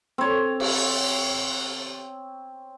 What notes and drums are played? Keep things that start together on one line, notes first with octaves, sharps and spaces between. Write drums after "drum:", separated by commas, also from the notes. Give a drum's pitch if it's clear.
C4 C#5
drum: cymbal